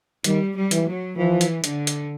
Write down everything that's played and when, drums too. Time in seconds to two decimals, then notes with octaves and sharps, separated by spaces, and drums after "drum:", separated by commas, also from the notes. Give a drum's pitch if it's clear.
0.24 D#3 G3, drum: hi-hat
0.56 G3
0.71 E3, drum: hi-hat
0.87 F#3
1.17 E3 F3
1.41 drum: hi-hat
1.64 D3, drum: hi-hat
1.87 drum: hi-hat